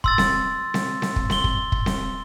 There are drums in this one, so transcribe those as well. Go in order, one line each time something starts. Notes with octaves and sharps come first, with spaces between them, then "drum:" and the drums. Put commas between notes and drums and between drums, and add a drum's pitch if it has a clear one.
C6 E6 A6, drum: kick
drum: snare C4
drum: snare C4
drum: snare C4
drum: kick
C6 G7, drum: snare C4
drum: kick
drum: kick
drum: snare C4